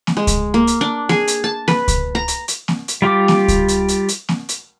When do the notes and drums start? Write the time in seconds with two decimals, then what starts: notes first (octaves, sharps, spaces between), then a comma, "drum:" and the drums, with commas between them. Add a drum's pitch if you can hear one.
0.07 drum: snare A#3
0.17 G#3
0.27 drum: kick C#2, hi-hat
0.54 A#3
0.67 drum: hi-hat
0.81 D4
1.09 G#4, drum: snare A#3
1.28 drum: hi-hat
1.44 A5
1.68 B4, drum: snare A#3
1.88 drum: kick C#2, hi-hat
2.15 A#5
2.28 drum: hi-hat
2.48 drum: hi-hat
2.68 drum: snare A#3
2.88 drum: hi-hat
3.02 G3 F4 G4 D6
3.28 drum: snare A#3
3.48 drum: kick C#2, hi-hat
3.68 drum: hi-hat
3.88 drum: hi-hat
4.08 drum: hi-hat
4.29 drum: snare A#3
4.49 drum: hi-hat